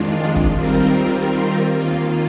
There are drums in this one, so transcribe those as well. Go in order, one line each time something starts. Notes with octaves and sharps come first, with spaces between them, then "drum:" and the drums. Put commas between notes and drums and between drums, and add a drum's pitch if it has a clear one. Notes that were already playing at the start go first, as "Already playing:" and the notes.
Already playing: F2 D#3 G#3 D4 F4
drum: kick
D#3 G3 C4 F4 A#4
D#2 D#3 A#3 F4, drum: hi-hat